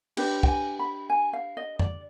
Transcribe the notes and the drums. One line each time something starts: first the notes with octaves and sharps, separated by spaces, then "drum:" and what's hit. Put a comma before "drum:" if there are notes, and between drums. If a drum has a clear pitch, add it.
D4 G4 B4 G5, drum: cymbal
G5, drum: kick
G#5
B5
G#5
F5
D#5
D5, drum: tom F2